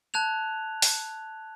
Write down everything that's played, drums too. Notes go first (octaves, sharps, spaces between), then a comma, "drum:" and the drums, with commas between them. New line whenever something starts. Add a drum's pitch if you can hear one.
A5 F#6 G#6 F7
drum: open hi-hat